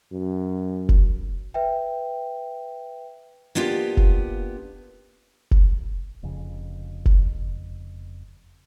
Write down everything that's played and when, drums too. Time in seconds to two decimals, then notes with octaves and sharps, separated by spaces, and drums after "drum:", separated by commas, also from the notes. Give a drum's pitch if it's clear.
0.12 F#2
0.89 drum: kick F1
1.54 B4 E5 G5
3.55 A#3 B3 D4 F4 G4
3.97 drum: kick F1
5.51 drum: kick F1
6.23 F1 F2 C#3
7.06 drum: kick F1